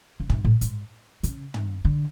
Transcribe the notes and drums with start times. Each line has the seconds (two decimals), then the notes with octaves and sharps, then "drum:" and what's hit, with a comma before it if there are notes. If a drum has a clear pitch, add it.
0.20 C#3
0.29 B2, drum: tom
0.45 A2
0.61 G#2, drum: hi-hat
1.23 C#3, drum: hi-hat
1.54 drum: tom
1.85 D3